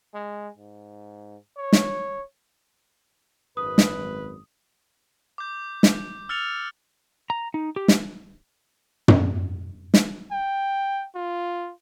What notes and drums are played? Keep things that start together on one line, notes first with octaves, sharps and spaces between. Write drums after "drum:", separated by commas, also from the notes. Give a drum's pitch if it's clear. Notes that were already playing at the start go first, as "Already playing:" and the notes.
G#3
G#2
C#5
drum: snare
G#1 F#2 B4 D#6
drum: snare
D6 G6
drum: snare
E6 F6 A6 C#7 F7
A#5
D#4
G4
drum: snare
drum: tom
drum: snare
G5
F4